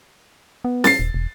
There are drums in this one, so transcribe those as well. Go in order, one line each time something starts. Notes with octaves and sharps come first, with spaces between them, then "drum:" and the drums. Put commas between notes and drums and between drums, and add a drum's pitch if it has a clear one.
B3
A6 C7, drum: snare C#4
D#1
E1